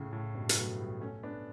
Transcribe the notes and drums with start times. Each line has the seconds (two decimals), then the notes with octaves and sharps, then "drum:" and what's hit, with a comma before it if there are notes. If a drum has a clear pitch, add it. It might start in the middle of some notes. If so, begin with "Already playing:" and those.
Already playing: A2 C#3
0.13 A2
0.34 G2 B2
0.49 B3, drum: hi-hat
0.57 F#3 A3
0.79 G3 B3
1.00 A3 C#4
1.23 B3 D4